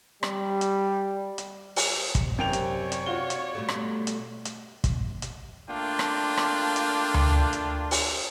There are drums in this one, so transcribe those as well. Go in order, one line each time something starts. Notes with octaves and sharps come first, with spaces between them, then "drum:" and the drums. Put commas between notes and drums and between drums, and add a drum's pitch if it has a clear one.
G3, drum: rim click
drum: hi-hat
drum: hi-hat
drum: open hi-hat
drum: kick, hi-hat
F#2 C3 C#5 D5 G5 F7
drum: hi-hat
drum: hi-hat
F4 F#4 G7
drum: hi-hat
B2 G3 A3
drum: rim click
drum: hi-hat
drum: hi-hat
drum: kick, hi-hat
drum: hi-hat
A3 A#3 D4 F4 G5
drum: rim click
drum: rim click
drum: hi-hat
drum: tom D2
drum: hi-hat
drum: open hi-hat